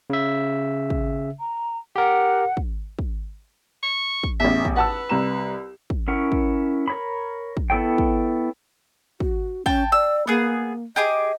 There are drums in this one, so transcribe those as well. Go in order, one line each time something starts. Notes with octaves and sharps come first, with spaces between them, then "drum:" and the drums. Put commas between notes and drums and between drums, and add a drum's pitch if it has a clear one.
C#3 E5
drum: kick
A#5
G4 A#4 F#5
drum: kick
drum: kick
C#6
drum: kick
A1 E2 E5
drum: kick
B4 F#5 A5 E6
C2 A#5 E7
drum: kick
C#4 E4 A#4 F#5 C#6
drum: kick
A#4 C#5 B5
drum: kick
B3 E4 A4 C#5 G5
drum: kick
F#4, drum: kick
C#4 G5 A5, drum: kick
D5 E6
A#3 B3 G#4
G4 G#4 D#5 D6